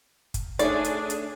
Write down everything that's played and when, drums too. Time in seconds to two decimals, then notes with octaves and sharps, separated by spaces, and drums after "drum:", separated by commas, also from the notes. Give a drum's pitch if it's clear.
0.34 drum: kick, hi-hat
0.59 A3 D4 D#4 G#4 C#5 D5 E5, drum: hi-hat
0.85 drum: hi-hat
1.10 drum: hi-hat